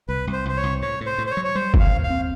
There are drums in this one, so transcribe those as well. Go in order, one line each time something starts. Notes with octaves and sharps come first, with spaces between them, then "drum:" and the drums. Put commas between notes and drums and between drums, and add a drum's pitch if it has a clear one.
C2 B4
C2
C5
C2 C5
C#5
C2
A2 C#5
A2
C5
A2
C5
C#5
F#3
C#5
G3 C5
D#2, drum: kick F#1
F5
D#2
F5
C4